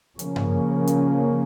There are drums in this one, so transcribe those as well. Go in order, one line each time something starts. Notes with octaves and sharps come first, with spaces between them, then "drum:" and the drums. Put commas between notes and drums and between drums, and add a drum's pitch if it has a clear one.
C#3 F3 A#3 C#4, drum: hi-hat
drum: tom G2
drum: hi-hat